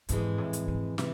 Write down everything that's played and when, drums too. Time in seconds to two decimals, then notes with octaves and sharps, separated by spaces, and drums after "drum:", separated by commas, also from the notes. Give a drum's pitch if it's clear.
0.09 F2 G#2 C3 E3 G#3, drum: hi-hat
0.38 A2
0.53 drum: hi-hat
0.68 G#2
0.98 C3 E3 G#3, drum: snare